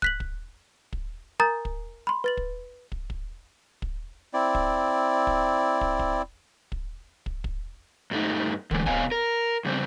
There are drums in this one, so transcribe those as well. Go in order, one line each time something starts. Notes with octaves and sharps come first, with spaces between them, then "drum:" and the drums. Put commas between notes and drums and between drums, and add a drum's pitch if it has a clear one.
F#6 B6 F#7, drum: kick
drum: kick
drum: kick
A#4 G#5 A#5 D#6 G6 A6
drum: kick
B5 C6
B4 A6 F#7
drum: kick
drum: kick
drum: kick
drum: kick
C4 E4 D5
drum: kick
drum: kick
drum: kick
drum: kick
drum: kick
drum: kick
drum: kick
G2 G3 A3 D#4
D3 E3 G#3 A3, drum: kick
C3 B3 C#5 D#5 F5 G#5, drum: kick
A#4
F2 C#3 G3 C4